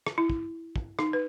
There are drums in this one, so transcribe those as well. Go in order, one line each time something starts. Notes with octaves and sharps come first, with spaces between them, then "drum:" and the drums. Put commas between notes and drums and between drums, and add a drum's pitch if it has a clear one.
drum: rim click
E4
drum: kick
drum: kick
D#4, drum: rim click
B4